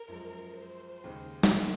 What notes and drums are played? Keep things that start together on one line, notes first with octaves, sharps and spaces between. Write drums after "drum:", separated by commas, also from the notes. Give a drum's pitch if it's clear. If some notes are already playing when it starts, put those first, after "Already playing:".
Already playing: A#4
F#2 F3 G#3
C5
D#2 C#3 G#3 D#4
drum: snare